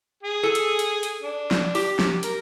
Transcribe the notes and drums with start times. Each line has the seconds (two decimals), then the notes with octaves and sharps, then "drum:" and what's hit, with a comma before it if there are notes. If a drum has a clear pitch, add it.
0.23 G#4
0.43 A4 G#5
0.55 drum: hi-hat
0.79 drum: hi-hat
1.03 drum: hi-hat
1.23 D4
1.51 drum: snare
1.75 G4, drum: open hi-hat
1.99 drum: snare
2.23 A#4, drum: hi-hat